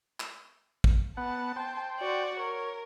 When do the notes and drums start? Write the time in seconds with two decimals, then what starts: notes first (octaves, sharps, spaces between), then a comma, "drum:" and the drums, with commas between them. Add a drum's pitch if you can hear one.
0.20 drum: clap
0.84 drum: kick
1.17 B3 F#5 A5
1.56 C5 G5
2.00 F#4 D5
2.39 A#4 C#5